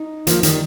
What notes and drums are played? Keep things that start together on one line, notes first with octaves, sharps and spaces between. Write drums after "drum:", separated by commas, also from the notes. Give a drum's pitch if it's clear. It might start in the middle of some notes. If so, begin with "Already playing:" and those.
Already playing: D#4
F3 A#3, drum: hi-hat
D#3 G3, drum: hi-hat